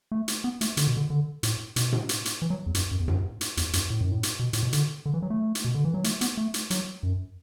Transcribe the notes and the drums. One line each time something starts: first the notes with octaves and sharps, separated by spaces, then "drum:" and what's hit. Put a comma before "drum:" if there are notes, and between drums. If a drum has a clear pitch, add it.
A3
drum: hi-hat
B3
A3, drum: hi-hat
D3, drum: hi-hat
B2
D3
D3
A2, drum: hi-hat
B2, drum: hi-hat
drum: tom A2
drum: hi-hat
drum: hi-hat
E3
F#3
E2
F#2, drum: hi-hat
F#2
E2
F#2, drum: tom A2
drum: hi-hat
E2, drum: hi-hat
F#2, drum: hi-hat
A2
F#2
A2
drum: hi-hat
B2
A2, drum: hi-hat
B2
D3, drum: hi-hat
D3
E3
F#3
A3
drum: hi-hat
B2
D3
E3
F#3
A3, drum: hi-hat
B3, drum: hi-hat
A3
drum: hi-hat
F#3, drum: hi-hat
F#2